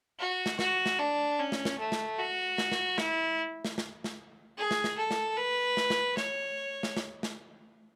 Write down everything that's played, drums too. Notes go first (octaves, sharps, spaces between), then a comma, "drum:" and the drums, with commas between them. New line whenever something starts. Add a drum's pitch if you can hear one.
F#4
drum: snare
F#4, drum: snare
drum: snare
D4
C#4
drum: snare
drum: snare
A3
drum: snare
F#4
drum: snare
drum: snare
E4, drum: snare
drum: snare
drum: snare
drum: snare
G#4
drum: snare
drum: snare
A4
drum: snare
B4
drum: snare
drum: snare
C#5, drum: snare
drum: snare
drum: snare
drum: snare